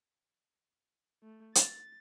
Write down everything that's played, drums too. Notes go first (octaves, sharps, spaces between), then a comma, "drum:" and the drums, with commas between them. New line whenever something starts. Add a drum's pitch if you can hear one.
A3
A6, drum: hi-hat